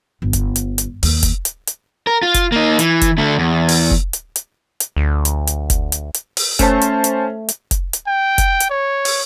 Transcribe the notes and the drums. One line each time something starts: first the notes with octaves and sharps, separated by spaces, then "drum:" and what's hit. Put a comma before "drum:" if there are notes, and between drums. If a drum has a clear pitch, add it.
G1
drum: kick F1, hi-hat
drum: hi-hat
drum: hi-hat
D#2, drum: open hi-hat
drum: kick F1, hi-hat
drum: hi-hat
drum: hi-hat
A#4
F4
drum: kick F1, hi-hat
A#3 D#4
E3, drum: hi-hat
drum: kick F1, hi-hat
D3 A3
E2
drum: open hi-hat
drum: kick F1
drum: hi-hat
drum: hi-hat
drum: hi-hat
D2
drum: hi-hat
drum: hi-hat
drum: kick F1, hi-hat
drum: hi-hat
drum: hi-hat
drum: open hi-hat
A3 C#4 C5 A5, drum: kick F1, hi-hat
drum: hi-hat
drum: hi-hat
drum: hi-hat
drum: kick F1, hi-hat
drum: hi-hat
G5
drum: kick F1, hi-hat
drum: hi-hat
C#5
drum: open hi-hat